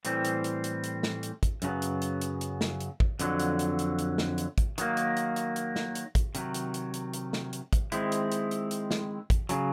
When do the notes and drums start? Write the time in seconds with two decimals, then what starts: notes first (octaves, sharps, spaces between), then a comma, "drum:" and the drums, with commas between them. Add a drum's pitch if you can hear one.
0.05 A2 E3 G3 C4, drum: hi-hat
0.25 drum: hi-hat
0.44 drum: hi-hat
0.64 drum: hi-hat
0.84 drum: hi-hat
1.03 drum: snare
1.23 drum: hi-hat
1.43 drum: kick, hi-hat
1.62 F#2 C#3 F#3 B3, drum: hi-hat
1.82 drum: hi-hat
2.02 drum: hi-hat
2.21 drum: hi-hat
2.41 drum: hi-hat
2.61 drum: snare
2.80 drum: hi-hat
3.00 drum: kick
3.19 F2 D3 F#3, drum: hi-hat
3.40 drum: hi-hat
3.59 drum: hi-hat
3.79 drum: hi-hat
3.99 drum: hi-hat
4.18 drum: snare
4.38 drum: hi-hat
4.58 drum: kick, hi-hat
4.78 D#3 F#3 A#3, drum: hi-hat
4.97 drum: hi-hat
5.17 drum: hi-hat
5.36 drum: hi-hat
5.56 drum: hi-hat
5.76 drum: snare
5.95 drum: hi-hat
6.15 drum: kick, hi-hat
6.35 C3 D#3 F#3, drum: hi-hat
6.54 drum: hi-hat
6.74 drum: hi-hat
6.94 drum: hi-hat
7.14 drum: hi-hat
7.33 drum: snare
7.53 drum: hi-hat
7.73 drum: kick, hi-hat
7.92 D#3 G#3 C4 E4, drum: hi-hat
8.12 drum: hi-hat
8.32 drum: hi-hat
8.51 drum: hi-hat
8.71 drum: hi-hat
8.91 drum: snare
9.30 drum: kick, hi-hat
9.49 C#3 F#3, drum: hi-hat